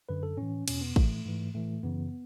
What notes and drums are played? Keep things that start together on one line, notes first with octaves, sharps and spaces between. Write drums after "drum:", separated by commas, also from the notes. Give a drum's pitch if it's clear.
F#2 D3 B4
A4
A2 E3 C#4
E2 B2 C#4, drum: cymbal
B3
A2 E3 A3, drum: kick
G#2 E3
A2 E3 A3
F#2 C#3 E3 B3